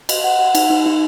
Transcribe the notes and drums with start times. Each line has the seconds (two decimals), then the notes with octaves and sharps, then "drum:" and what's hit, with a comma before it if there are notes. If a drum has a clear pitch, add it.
0.09 D#5, drum: cymbal
0.24 F#5
0.39 F#5
0.55 D#4, drum: cymbal
0.70 D#4
0.86 D#4